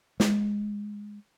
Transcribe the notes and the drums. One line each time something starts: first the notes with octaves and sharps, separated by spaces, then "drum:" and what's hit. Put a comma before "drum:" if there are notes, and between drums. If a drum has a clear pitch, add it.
G#3, drum: snare